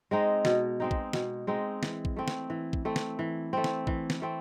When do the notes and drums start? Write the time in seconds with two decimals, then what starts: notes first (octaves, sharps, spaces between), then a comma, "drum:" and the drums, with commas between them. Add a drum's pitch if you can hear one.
0.11 G#3 C4 D#4
0.45 B2, drum: snare
0.80 G#3 C4 D#4
0.91 drum: kick
1.13 B2, drum: snare
1.47 G#3 C4 D#4
1.83 E3, drum: snare
2.05 drum: kick
2.16 A3 C4
2.28 drum: snare
2.50 E3
2.73 drum: kick
2.85 A3 C4
2.96 drum: snare
3.19 E3
3.53 A3 C4
3.64 drum: snare
3.87 E3, drum: kick
4.10 drum: snare
4.22 A3 C4